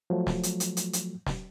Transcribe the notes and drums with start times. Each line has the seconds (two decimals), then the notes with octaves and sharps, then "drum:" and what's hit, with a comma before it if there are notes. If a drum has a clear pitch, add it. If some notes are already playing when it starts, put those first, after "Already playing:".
0.10 F3 F#3 A3
0.27 drum: snare
0.43 drum: hi-hat
0.60 drum: hi-hat
0.77 drum: hi-hat
0.93 drum: hi-hat
1.27 drum: snare